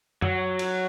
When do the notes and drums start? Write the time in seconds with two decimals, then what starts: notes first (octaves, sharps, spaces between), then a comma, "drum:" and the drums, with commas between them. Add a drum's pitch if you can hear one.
0.22 F#3, drum: tom F#2
0.59 drum: cymbal